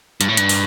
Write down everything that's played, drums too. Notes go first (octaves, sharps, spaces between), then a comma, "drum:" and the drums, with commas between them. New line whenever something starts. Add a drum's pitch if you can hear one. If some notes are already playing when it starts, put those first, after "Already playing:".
G2, drum: hi-hat
A2
G2, drum: hi-hat
drum: open hi-hat